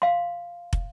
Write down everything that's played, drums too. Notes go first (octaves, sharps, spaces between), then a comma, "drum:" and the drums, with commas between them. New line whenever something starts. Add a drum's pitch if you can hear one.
F5 C6
drum: kick